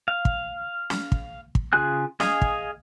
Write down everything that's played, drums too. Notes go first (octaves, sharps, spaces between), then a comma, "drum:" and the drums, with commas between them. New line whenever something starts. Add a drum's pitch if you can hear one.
F5
drum: kick
drum: snare
drum: kick
drum: kick
C#3 F4 G#4 G#5 F#6
G#4 D#5 F5 G#5, drum: snare
drum: kick